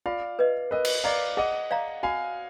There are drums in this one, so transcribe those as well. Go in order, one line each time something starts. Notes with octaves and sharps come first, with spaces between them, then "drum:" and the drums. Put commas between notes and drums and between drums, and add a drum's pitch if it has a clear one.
F4 D5 F5
B4 D#5
A#4 B4 D#5
drum: cymbal
D5 D#5 F5 A#5
G#4 D#5 F#5
D5 F5 A#5
F#4 F5 G#5